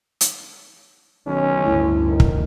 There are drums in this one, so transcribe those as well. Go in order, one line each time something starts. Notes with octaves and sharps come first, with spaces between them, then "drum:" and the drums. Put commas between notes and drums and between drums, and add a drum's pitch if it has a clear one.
drum: hi-hat
B1 D#3 C#4
G1 D2 A2
D#3
drum: kick